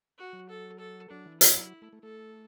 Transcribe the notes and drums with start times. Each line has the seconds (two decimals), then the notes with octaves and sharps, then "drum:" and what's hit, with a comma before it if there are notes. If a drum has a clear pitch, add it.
0.18 F#4
0.33 F#3
0.50 A4
0.79 A4
1.11 F#3 D4
1.26 E3
1.41 F#3 E4, drum: hi-hat
1.82 A3
1.93 A3
2.03 A3 A4